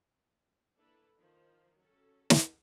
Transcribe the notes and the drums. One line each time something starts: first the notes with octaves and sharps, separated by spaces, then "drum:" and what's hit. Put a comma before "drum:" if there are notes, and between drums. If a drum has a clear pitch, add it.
A#3 D4 E4 A4 B4
D#3 F3
F#3 C#4 A4
drum: snare